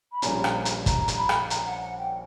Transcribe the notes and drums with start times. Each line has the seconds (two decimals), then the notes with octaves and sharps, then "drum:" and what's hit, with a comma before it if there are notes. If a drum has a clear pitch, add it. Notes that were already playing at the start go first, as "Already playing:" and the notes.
0.12 B5
0.22 A#1 A#2 G3 C#4 A#5, drum: hi-hat
0.44 drum: rim click
0.65 drum: hi-hat
0.86 A#5, drum: kick, hi-hat
1.08 drum: hi-hat
1.18 B5
1.29 drum: rim click
1.50 A#5, drum: hi-hat
1.66 F#5
1.82 F#5
1.98 G5